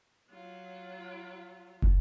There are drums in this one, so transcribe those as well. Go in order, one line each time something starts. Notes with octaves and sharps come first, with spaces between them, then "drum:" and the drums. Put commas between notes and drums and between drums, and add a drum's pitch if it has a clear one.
F#3 F4
drum: kick